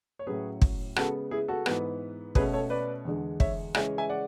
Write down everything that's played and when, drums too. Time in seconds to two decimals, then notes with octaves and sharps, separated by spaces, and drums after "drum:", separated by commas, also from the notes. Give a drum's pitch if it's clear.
0.19 C#5
0.27 A2 F#3 C#4 G#4 B4
0.62 drum: kick
0.96 C#3 G#3 B3 F#4 A4, drum: rim click
1.31 E4 G#4
1.48 F#4 A4
1.66 G#2 E3 B3, drum: rim click
2.35 B2 A3 C#4 G#4 B4, drum: kick
2.53 A4 C#5
2.70 B4 D5
3.05 E2 D3 G#3
3.40 C#5 E5, drum: kick
3.75 C#3 E3 G#3 C#4 E5 G#5, drum: rim click
3.98 E5 G#5
4.09 D5 F#5